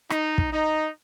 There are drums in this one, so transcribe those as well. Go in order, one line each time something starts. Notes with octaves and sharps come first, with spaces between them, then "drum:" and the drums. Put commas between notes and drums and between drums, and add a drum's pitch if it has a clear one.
D#4, drum: rim click
drum: kick
D#4